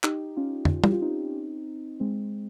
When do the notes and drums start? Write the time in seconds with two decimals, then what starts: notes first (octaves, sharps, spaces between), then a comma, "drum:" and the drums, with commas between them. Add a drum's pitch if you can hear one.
0.03 D#4 G4, drum: clap
0.37 C#4 F4
0.65 drum: tom
0.84 G4, drum: tom
0.92 F4
1.02 C4 D#4
2.00 G#3 C4